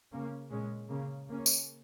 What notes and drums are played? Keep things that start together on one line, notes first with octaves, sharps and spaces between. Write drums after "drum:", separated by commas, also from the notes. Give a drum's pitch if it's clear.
C#3 A#3 C#4
A#2 G#3 C#4
C#3 A#3 C#4
C#3 A#3 C#4
drum: tambourine